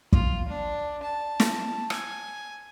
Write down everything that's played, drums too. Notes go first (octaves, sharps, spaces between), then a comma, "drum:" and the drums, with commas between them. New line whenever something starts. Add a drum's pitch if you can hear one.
F4, drum: kick
D4
A5
drum: snare
G#5, drum: rim click